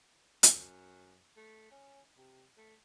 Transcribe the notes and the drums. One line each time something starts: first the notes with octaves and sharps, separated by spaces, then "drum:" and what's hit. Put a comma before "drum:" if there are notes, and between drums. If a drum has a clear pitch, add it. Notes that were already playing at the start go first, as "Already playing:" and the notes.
F#2, drum: hi-hat
A3
C#4
C3
A3